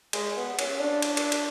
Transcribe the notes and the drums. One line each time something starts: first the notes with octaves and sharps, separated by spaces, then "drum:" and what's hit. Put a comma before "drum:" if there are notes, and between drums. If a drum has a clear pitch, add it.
G#3, drum: cymbal
B3
C#4, drum: cymbal
D4
drum: cymbal
drum: cymbal
drum: cymbal